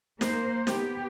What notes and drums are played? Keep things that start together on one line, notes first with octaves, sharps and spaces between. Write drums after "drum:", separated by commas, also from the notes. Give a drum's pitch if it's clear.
A#3 C5, drum: snare
B3 G4, drum: snare